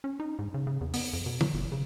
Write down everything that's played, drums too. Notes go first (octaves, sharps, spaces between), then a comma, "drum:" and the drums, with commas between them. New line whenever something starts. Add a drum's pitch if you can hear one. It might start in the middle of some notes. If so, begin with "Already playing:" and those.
C#4
D#4
G#2
C#3
C#3
E2
B3, drum: open hi-hat
F2
B2
F#3, drum: tom
F#1
C#3